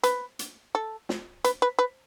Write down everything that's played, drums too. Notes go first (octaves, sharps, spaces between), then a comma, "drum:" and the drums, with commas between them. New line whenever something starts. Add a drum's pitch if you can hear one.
B4, drum: hi-hat
drum: hi-hat
A4
drum: snare
B4, drum: hi-hat
B4
B4